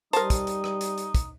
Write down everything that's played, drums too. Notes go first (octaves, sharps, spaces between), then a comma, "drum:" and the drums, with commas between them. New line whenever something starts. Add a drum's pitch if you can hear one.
G3 D#4 A#4 C5 A5, drum: hi-hat
drum: kick, hi-hat
drum: hi-hat
drum: rim click
drum: hi-hat
drum: hi-hat
drum: kick, hi-hat